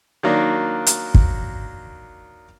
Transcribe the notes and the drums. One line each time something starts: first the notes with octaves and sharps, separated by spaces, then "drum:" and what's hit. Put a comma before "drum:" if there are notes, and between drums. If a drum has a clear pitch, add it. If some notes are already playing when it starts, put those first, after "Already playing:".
D#3 F#3 A#3 D4
drum: hi-hat
drum: kick